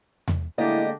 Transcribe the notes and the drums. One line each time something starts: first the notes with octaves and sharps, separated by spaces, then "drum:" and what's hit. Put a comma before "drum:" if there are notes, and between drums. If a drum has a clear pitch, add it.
drum: tom E2
A2 D3 G#3 A#3 D4 E4 G4 D#5